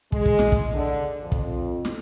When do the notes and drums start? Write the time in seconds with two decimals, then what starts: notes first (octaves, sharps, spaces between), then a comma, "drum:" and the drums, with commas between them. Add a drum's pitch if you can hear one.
0.12 G#3, drum: kick
0.26 drum: kick
0.39 drum: snare
0.52 drum: kick
0.74 D3
1.22 F2
1.32 drum: kick
1.85 drum: snare